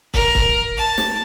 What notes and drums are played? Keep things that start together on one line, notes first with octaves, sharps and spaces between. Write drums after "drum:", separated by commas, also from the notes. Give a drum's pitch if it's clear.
A#4, drum: kick
drum: kick
A5
drum: snare